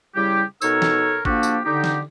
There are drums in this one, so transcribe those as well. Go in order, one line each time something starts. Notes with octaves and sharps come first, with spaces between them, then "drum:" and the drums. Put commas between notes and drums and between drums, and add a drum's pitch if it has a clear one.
C#3 G3 E4 G4
B2 D#4 A4 A#4 C#5 E6, drum: tambourine
drum: snare
F3 A#3 D4 F#4 G4 A4, drum: kick G#1
drum: tambourine
D3 D#4 G4
drum: snare